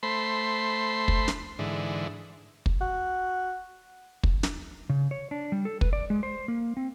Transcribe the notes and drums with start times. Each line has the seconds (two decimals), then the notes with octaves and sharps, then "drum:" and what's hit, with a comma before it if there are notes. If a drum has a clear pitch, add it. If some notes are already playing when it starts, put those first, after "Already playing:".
0.03 A3 C5 B5 C6
1.08 drum: kick
1.28 drum: snare
1.59 G#2 D3 E3
2.66 drum: kick
2.81 F#4
4.23 drum: kick
4.43 drum: snare
4.90 C#3
5.11 C#5
5.31 D4
5.52 G3
5.65 A4
5.81 B4, drum: kick
5.93 D5
6.10 G#3
6.23 C5
6.48 A#3
6.77 C4